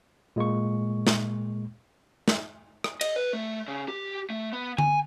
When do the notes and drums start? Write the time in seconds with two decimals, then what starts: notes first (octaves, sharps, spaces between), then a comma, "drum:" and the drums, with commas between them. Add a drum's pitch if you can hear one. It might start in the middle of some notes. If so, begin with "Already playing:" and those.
0.36 A#2 G#3 A#3 C#6
1.07 drum: snare
2.28 drum: snare
2.84 drum: rim click
3.01 D#5, drum: cymbal
3.16 B4
3.33 A3
3.68 C#3
3.88 G4
4.30 A3
4.53 B3
4.78 G#5, drum: tom D3